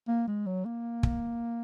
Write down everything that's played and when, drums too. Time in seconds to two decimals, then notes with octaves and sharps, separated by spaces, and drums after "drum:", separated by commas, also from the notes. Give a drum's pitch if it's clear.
0.08 A#3
0.27 G#3
0.46 F#3
0.65 A#3
1.03 drum: kick